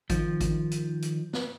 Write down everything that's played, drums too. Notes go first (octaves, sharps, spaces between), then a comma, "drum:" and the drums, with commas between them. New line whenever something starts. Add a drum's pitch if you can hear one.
D#3 F3, drum: kick G#1, hi-hat
drum: kick G#1, hi-hat
drum: hi-hat
drum: hi-hat
drum: snare